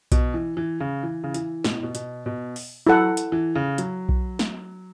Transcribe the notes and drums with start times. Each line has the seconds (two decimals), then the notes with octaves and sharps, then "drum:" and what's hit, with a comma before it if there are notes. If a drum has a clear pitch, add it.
0.12 B2, drum: kick B1, hi-hat
0.34 E3
0.57 E3
0.80 C#3
1.03 E3
1.24 C#3
1.34 E3, drum: hi-hat
1.64 B2, drum: snare
1.74 A2
1.83 B2
1.95 B2, drum: hi-hat
2.26 B2
2.56 drum: open hi-hat
2.87 F#3 E4 A4 F#5
3.17 drum: hi-hat
3.32 E3
3.55 C#3
3.78 F#3, drum: hi-hat
4.09 drum: kick B1
4.39 drum: snare